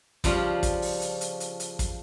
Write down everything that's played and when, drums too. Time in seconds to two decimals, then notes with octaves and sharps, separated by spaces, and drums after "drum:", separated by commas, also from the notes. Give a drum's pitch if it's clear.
0.24 C#3 F3 G3 D4 F4, drum: kick, hi-hat
0.63 drum: kick, hi-hat
0.82 drum: open hi-hat
1.01 drum: hi-hat
1.21 drum: hi-hat
1.40 drum: hi-hat
1.60 drum: hi-hat
1.79 drum: kick, hi-hat